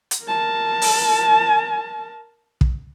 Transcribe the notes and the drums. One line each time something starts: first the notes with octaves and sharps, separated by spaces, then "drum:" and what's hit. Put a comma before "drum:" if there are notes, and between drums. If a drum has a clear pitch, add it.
drum: hi-hat
A#4 A5
drum: open hi-hat
drum: kick